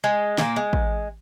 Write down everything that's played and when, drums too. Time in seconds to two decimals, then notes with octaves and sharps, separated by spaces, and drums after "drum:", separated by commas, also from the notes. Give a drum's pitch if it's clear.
0.04 G#3
0.38 A#2 A#3, drum: snare
0.56 G#3
0.73 drum: kick A1